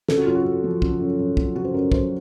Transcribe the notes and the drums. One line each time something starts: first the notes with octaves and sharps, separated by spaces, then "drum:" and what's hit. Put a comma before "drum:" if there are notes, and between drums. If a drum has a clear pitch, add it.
C#3 A4, drum: snare
F#4
F#2 F4
F#4
F#2
F3
C#3, drum: kick
F#2
F#2
F3, drum: kick
C#3 F#4
C5
F#2 A#4
F#2 C5, drum: kick